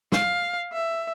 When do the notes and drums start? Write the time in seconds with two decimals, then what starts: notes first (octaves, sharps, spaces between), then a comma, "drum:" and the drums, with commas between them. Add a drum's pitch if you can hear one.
0.12 F5, drum: snare
0.73 E5